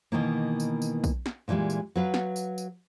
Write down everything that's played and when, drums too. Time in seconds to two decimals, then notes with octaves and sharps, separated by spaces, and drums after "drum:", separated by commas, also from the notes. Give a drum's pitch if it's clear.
0.12 B2 D#3 E3 A#3
0.60 drum: tambourine
0.82 drum: tambourine
1.04 drum: kick, tambourine
1.26 drum: snare
1.48 A#2 D3 E3 G3 G#3
1.70 drum: tambourine
1.96 F#3 B4 F5
2.14 drum: snare
2.36 drum: tambourine
2.58 drum: tambourine